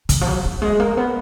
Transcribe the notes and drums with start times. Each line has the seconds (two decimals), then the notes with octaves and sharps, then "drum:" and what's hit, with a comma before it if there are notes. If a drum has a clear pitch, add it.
0.09 D#3, drum: kick, hi-hat
0.21 F3
0.27 F#3
0.45 F#3
0.62 G#3
0.80 A#3
0.97 B3